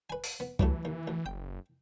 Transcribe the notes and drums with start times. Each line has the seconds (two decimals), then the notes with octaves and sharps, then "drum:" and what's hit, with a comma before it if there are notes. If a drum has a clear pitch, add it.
0.10 B4 G#5
0.24 drum: open hi-hat
0.40 B3
0.59 G2 E3 F#3 A3, drum: kick
0.85 D#2
1.08 D2
1.26 F#1 G5